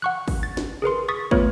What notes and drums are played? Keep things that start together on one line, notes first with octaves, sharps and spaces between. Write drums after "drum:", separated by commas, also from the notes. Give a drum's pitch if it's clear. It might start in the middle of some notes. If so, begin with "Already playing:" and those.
F#5 C#6 F#6
drum: kick, open hi-hat
A6
drum: snare
G#4 A#4 B4 C6
C#6 D#6 A6 B6
A3 B3 F4 B4 C#5, drum: kick